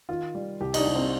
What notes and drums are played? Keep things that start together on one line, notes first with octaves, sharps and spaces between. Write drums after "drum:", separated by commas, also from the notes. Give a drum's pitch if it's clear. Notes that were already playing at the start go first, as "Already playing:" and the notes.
D#3 F4
G3
C2 G4
D#4, drum: cymbal
D4
C2
C4